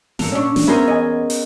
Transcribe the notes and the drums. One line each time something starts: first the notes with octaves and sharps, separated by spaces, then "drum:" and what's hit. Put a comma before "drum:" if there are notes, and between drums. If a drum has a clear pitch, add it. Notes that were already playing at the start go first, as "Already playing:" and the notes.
G2 A4 A#4, drum: snare
A#2 C#4 D4 C#6
drum: snare
B3 C#4 G#4 A#4 C5 E5
E2 D#5 G#5
drum: open hi-hat